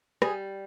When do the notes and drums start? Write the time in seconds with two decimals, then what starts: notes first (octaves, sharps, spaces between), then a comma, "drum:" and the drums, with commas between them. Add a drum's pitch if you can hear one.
0.22 G3 G#4, drum: rim click